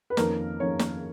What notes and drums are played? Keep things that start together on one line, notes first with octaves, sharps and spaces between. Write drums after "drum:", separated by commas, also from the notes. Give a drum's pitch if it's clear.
B4
F2 D#3 A#3 C#4 A#4, drum: snare
F2 D#3 A#3 C#4 C#5
drum: snare